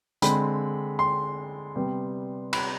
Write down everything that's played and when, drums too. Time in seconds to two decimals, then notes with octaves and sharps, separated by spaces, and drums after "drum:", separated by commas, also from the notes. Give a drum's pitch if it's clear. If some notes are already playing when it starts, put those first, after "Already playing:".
0.22 D3 G#3 C4 B5, drum: hi-hat
0.99 C6
1.76 C3 G3 B3
2.53 B5, drum: cymbal